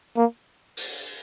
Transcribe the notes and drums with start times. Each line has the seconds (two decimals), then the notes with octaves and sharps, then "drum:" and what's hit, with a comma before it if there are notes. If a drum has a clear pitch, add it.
0.17 A#3
0.77 drum: open hi-hat